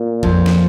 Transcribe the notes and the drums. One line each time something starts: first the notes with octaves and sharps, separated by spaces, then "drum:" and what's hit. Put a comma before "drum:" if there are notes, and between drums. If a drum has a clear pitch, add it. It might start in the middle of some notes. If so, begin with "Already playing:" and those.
Already playing: A#2
F2 F3, drum: kick A1
drum: snare